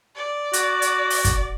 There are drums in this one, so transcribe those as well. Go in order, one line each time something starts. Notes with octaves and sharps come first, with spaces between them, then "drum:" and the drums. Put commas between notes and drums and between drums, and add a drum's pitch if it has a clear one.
D5
F#4, drum: hi-hat
drum: hi-hat
drum: open hi-hat
drum: kick, hi-hat